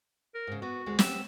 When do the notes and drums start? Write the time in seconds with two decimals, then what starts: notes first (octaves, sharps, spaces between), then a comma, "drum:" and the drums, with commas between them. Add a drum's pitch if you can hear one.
0.35 A#4
0.47 G#2 C#3
0.62 B3 F#4
0.86 D2 G#3
0.99 B3 C4 G4 E6, drum: snare